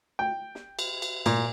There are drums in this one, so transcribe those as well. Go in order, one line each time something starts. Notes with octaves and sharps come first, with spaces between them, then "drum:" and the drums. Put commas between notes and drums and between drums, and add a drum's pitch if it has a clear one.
G5
drum: snare
drum: cymbal
drum: cymbal
A#2, drum: cymbal